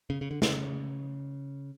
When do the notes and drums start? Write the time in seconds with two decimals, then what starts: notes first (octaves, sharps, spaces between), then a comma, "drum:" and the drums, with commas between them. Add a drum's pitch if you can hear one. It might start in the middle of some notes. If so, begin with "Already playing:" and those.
0.10 C#3
0.21 C#3
0.31 D3
0.42 C#3, drum: snare